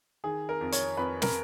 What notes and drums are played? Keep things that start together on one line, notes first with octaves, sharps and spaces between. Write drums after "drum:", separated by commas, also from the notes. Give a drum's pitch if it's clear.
D#3 G#4
A#4
F2
C#5, drum: hi-hat
F2 B4
A#4, drum: snare